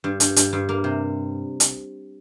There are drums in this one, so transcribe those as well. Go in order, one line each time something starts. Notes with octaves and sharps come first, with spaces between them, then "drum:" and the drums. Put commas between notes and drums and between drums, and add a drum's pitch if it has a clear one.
G2
G2, drum: hi-hat
G2, drum: hi-hat
G2
A#3
C3
drum: hi-hat